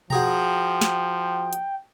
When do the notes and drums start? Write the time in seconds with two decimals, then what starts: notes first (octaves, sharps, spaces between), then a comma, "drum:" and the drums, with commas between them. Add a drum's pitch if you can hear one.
0.10 F3 F#4 G#4 G5 A#5, drum: tom B2
0.81 drum: snare
1.53 drum: hi-hat